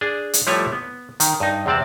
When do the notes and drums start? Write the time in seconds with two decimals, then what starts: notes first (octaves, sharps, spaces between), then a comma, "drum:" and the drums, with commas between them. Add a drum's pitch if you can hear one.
0.01 D4 G#4
0.33 drum: hi-hat
0.47 F3 G3 A3 E4 B4 C#5
0.72 B3
1.20 D#3, drum: hi-hat
1.40 G2 D#4
1.66 E2 C3 C4 D5 A5